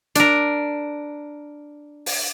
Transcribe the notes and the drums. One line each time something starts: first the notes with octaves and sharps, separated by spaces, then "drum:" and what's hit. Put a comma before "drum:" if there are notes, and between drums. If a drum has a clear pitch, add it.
D4 A#4, drum: hi-hat
drum: open hi-hat